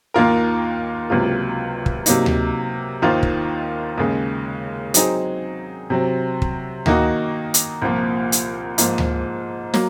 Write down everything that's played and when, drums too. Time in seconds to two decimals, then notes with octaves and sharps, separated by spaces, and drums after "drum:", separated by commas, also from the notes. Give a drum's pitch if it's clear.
0.14 D#2 D#3 A#3 F4 A#4
1.10 C#2 C3 F#3 A#3 F4
1.86 drum: kick
2.06 C3 F#3 A#3 D#4, drum: hi-hat
2.26 drum: tom D2
3.02 D#2 D#3 A#3 F4 C5
3.23 drum: kick
3.98 D#2 C#3 G#3
4.94 F#3 C4 D#4 G#4, drum: hi-hat
5.90 C3 F#3 C4
6.42 drum: kick
6.86 D#3 A#3 D#4 F#4, drum: tom D2
7.54 drum: hi-hat
7.82 C2 A#2 F3 A#3
8.32 drum: hi-hat
8.78 G#2 F3 A#3, drum: hi-hat
8.98 drum: tom D2
9.74 F#3 A#3, drum: snare